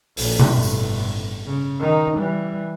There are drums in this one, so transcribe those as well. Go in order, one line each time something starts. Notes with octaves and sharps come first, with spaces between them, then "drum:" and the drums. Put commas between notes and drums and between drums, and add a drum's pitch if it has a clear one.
A#1, drum: open hi-hat
drum: tom B2
G1 A2
drum: tambourine
C#3
D#3 D#4
E3 G3